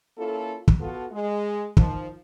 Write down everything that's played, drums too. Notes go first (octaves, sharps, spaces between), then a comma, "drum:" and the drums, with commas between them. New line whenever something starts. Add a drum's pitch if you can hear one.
A#3 C#4 E4 F4 A4
drum: kick
B3 F4 F#4 A4
G#3
D#3 F3, drum: kick